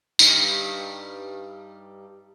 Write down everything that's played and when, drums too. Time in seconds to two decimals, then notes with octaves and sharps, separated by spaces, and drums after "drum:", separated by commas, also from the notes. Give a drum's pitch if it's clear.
0.19 G2 G3 D#4, drum: tambourine